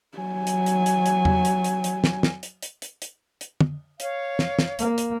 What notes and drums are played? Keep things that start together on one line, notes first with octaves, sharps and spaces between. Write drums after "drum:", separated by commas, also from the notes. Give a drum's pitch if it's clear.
F#3 G#5
drum: hi-hat
drum: hi-hat
drum: hi-hat
drum: hi-hat
drum: tom E2
drum: hi-hat
drum: hi-hat
drum: hi-hat
drum: snare
drum: snare
drum: hi-hat
drum: hi-hat
drum: hi-hat
drum: hi-hat
drum: hi-hat
drum: tom
C#5 F5, drum: hi-hat
drum: snare
drum: snare
A#3, drum: hi-hat
drum: hi-hat